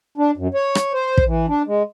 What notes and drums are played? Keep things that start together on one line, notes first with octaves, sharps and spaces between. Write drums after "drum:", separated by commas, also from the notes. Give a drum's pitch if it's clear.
D4
F#2
C#5
drum: rim click
C5
drum: kick
E3
D4
G#3